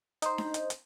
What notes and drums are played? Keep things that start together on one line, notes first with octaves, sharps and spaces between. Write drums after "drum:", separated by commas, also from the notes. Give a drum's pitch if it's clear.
D#4 C5, drum: hi-hat
drum: snare D4
drum: hi-hat
drum: hi-hat